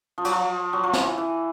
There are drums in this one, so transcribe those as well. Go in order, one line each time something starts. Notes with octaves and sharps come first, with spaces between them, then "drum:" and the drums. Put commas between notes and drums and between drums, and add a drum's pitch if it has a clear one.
F3
F#3, drum: cymbal
F3
F#3
F3
E3, drum: snare
E3